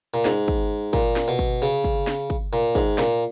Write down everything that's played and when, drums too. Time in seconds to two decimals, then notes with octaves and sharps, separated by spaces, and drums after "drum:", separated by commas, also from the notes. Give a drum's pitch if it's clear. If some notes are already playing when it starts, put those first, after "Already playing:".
0.14 A#2
0.25 G#2, drum: snare
0.48 drum: kick, open hi-hat
0.93 A#2, drum: kick, hi-hat
1.16 drum: snare
1.28 B2
1.39 drum: kick, open hi-hat
1.62 C#3
1.84 drum: kick, hi-hat
2.07 drum: snare
2.30 drum: kick, open hi-hat
2.53 A#2
2.75 G#2, drum: kick, hi-hat
2.98 A#2, drum: snare